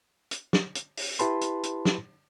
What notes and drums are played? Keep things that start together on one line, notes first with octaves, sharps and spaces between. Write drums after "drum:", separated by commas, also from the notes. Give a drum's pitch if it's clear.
drum: hi-hat
drum: snare
drum: hi-hat
drum: open hi-hat
E4 G4 B4 A5 B5 C6, drum: hi-hat
drum: hi-hat
drum: hi-hat
drum: snare